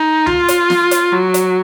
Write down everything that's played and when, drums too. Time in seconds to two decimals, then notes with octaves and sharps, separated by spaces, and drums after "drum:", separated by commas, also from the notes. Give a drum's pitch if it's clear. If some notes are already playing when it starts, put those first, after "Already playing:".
Already playing: D#4
0.26 F4, drum: tom C#2
0.48 drum: hi-hat
0.70 drum: snare
0.91 drum: hi-hat
1.12 F#3
1.34 drum: hi-hat